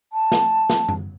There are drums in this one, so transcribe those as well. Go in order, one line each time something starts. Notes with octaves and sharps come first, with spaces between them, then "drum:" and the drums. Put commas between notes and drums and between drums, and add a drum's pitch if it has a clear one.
A5
drum: snare
drum: snare
drum: tom F#2